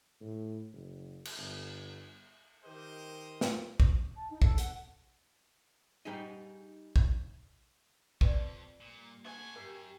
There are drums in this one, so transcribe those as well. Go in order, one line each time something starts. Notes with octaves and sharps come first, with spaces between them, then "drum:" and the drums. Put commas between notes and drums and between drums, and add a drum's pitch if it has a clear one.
A2
F#1
drum: cymbal
G1
D#3 G4 A#4 C5 D#5
drum: snare
drum: kick
A5
D#4
A4, drum: kick
F#5, drum: hi-hat
G3 D#4 G#4 D#5
drum: kick
F2 B4 D5, drum: kick
A#2 G3 A#3
D4 F#4 G#5
F#2 G4 A#4